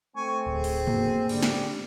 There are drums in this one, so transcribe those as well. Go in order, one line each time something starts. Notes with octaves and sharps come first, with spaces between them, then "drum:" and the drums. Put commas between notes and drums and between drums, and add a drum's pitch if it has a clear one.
A3 C4 G#5 C#6
D1 G#4
drum: open hi-hat
B2 A#3, drum: tom G2
D3 G3, drum: cymbal
drum: snare